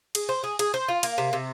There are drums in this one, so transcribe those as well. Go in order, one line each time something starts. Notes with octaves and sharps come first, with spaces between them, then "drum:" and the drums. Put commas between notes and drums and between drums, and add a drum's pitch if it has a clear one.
G#4, drum: cymbal
C5
G#4
G#4, drum: cymbal
C5
F4
A#3, drum: cymbal
C3
C3